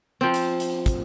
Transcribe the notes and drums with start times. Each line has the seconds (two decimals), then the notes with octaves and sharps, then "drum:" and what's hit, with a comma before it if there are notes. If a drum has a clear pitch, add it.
0.21 F3 C4
0.34 drum: hi-hat
0.60 drum: hi-hat
0.86 drum: kick, hi-hat